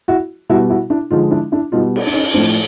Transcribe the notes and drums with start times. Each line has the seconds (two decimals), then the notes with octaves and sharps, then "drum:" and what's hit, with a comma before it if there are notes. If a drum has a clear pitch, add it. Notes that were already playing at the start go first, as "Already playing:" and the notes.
0.08 E4 F#4
0.49 B2 G3 E4 F#4
0.70 E4 F#4
0.90 D4 E4
1.11 D3 F3 G#3 D#4 F4
1.31 D4 E4
1.52 D4 E4
1.72 B2 G3 D#4 F4
1.96 drum: cymbal
2.07 D4
2.13 C#4 D#4
2.33 A2 F3 A3 C4 D4